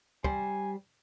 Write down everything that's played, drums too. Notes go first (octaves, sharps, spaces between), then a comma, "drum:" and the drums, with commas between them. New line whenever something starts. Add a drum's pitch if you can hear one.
G3 C5 G#5, drum: kick